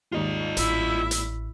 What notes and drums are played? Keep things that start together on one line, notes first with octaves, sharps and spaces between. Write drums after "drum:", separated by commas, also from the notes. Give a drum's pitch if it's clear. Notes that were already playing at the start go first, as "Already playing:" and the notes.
G#1 D#2 G#2 F4 D#5
A1 E4 E5, drum: hi-hat
drum: hi-hat